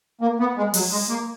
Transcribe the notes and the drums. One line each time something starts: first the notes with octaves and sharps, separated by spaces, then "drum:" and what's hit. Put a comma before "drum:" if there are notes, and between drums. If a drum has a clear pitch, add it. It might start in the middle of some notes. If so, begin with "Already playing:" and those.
A#3
B3
G#3
F#3, drum: open hi-hat
G#3
A#3